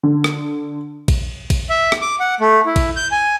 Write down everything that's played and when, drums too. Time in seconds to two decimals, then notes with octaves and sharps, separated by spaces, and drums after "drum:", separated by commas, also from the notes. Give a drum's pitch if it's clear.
0.03 D3
0.24 drum: rim click
1.08 drum: kick, cymbal
1.50 drum: kick, cymbal
1.69 E5
1.92 drum: rim click
2.02 D6
2.20 F#5
2.40 A3
2.66 E4
2.76 drum: kick, cymbal
2.96 G6
3.11 G#5